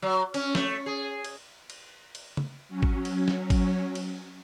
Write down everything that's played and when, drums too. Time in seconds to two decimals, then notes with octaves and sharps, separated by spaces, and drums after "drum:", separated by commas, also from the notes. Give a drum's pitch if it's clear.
0.02 F#3
0.34 C#4, drum: cymbal
0.55 A3, drum: snare
0.86 G#4
1.24 drum: cymbal
1.70 drum: cymbal
2.15 drum: cymbal
2.37 drum: tom
2.69 F#3 C#4
2.83 drum: kick G#1
3.05 drum: cymbal
3.28 drum: snare
3.50 drum: kick G#1, cymbal
3.95 drum: cymbal